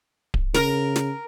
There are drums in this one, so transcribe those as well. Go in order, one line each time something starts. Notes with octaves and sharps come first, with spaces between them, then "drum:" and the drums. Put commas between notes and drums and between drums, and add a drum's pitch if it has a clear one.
drum: kick D1
C#3 A#4, drum: snare
drum: snare